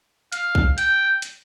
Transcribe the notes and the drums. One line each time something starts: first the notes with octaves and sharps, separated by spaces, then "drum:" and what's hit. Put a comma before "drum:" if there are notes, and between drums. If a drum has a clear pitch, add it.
F5, drum: hi-hat
drum: kick B1
G5, drum: hi-hat
drum: hi-hat